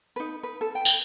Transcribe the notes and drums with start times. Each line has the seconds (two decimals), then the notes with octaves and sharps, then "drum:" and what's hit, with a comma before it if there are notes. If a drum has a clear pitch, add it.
0.16 D#4 B4
0.43 B4
0.61 A4
0.75 G5
0.85 drum: tambourine